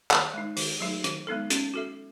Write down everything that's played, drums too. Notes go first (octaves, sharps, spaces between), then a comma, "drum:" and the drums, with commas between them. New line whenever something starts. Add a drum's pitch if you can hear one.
D#3, drum: clap
G#3 D#4
D#3, drum: open hi-hat
F#3 A3 D#4 G#4
D#3, drum: hi-hat
G#3 B3 D#4 A4
C#4, drum: hi-hat
F#4 A4 E5